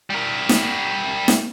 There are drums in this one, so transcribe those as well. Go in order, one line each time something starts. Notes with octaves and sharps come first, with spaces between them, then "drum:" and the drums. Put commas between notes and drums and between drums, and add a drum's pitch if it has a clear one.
G3 A#4
drum: snare
drum: snare